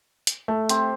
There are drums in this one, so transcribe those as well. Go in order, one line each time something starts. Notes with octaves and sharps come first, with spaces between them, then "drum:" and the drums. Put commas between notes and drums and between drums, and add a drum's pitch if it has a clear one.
drum: hi-hat
A3
C4 G4 C5, drum: hi-hat